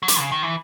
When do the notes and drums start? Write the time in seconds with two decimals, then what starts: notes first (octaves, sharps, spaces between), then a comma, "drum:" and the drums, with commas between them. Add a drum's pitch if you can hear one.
0.03 F#3
0.08 G3, drum: hi-hat
0.19 C#3
0.32 D#3
0.43 E3